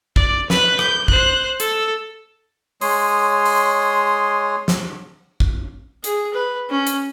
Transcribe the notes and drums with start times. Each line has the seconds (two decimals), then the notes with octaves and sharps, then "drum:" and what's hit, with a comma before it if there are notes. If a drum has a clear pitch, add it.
0.16 D5, drum: kick A1
0.50 B4 F#6, drum: snare
0.79 G6, drum: rim click
1.08 C5 F#6, drum: kick A1
1.60 A4 E6, drum: hi-hat
2.81 G#3 C#5 C6 D#6, drum: open hi-hat
3.45 drum: open hi-hat
4.68 drum: snare
5.40 drum: kick A1
6.04 G#4, drum: hi-hat
6.33 B4
6.70 C#4
6.87 drum: hi-hat